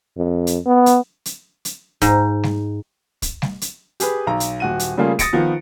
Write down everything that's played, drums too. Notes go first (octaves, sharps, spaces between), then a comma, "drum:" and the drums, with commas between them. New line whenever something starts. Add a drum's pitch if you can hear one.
F2
drum: hi-hat
B3
drum: hi-hat
drum: hi-hat
drum: hi-hat
G#2, drum: kick, hi-hat
drum: snare G3
drum: kick, hi-hat
drum: snare G3
drum: hi-hat
G4 G#4 B4, drum: hi-hat
B1 A#5
drum: hi-hat
D#1 F#4 D#7
drum: hi-hat
C#3 G3 A3 A#3 F4 G#4
D#6 A6 A#6 C#7 D7, drum: kick, hi-hat
D#3 F3 B3